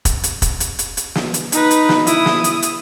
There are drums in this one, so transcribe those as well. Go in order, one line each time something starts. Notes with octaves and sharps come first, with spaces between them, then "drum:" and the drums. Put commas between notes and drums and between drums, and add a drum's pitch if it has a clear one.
drum: kick, hi-hat
drum: hi-hat
drum: kick, hi-hat
drum: hi-hat
drum: hi-hat
drum: hi-hat
drum: snare
drum: hi-hat
D#4 B4, drum: hi-hat
drum: hi-hat
drum: snare
E4 D#6, drum: hi-hat
drum: snare
drum: hi-hat
drum: hi-hat